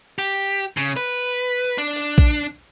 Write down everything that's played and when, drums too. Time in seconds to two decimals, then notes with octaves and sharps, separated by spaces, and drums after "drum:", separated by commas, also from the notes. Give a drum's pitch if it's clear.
0.19 G4
0.77 C#3
0.96 B4, drum: hi-hat
1.64 drum: tambourine
1.78 D4
1.96 drum: hi-hat
2.18 drum: kick A#1